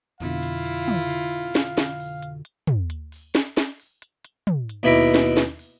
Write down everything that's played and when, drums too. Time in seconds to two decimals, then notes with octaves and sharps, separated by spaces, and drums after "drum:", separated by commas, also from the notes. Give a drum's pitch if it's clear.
0.20 F2 B2 D3 E4 F4 F5, drum: open hi-hat
0.43 drum: hi-hat
0.65 drum: hi-hat
0.88 drum: tom
1.10 drum: hi-hat
1.33 drum: open hi-hat
1.55 drum: snare
1.78 drum: snare
2.00 drum: open hi-hat
2.23 drum: hi-hat
2.45 drum: hi-hat
2.67 drum: tom
2.90 drum: hi-hat
3.12 drum: open hi-hat
3.35 drum: snare
3.57 drum: snare
3.80 drum: open hi-hat
4.02 drum: hi-hat
4.25 drum: hi-hat
4.47 drum: tom
4.69 drum: hi-hat
4.83 D#2 B2 E4 E5 A#5 D6
5.14 drum: snare
5.37 drum: snare
5.59 drum: open hi-hat